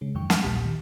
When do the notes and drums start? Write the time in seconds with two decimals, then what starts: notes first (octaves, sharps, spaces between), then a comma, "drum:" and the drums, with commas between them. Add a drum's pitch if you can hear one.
0.01 C#3 G#3
0.15 F2 A2 D#3 F#3 G5 C#6
0.30 G#5 F6 A6, drum: snare
0.43 A#1 D#2 A#2 G4 B6
0.65 D#3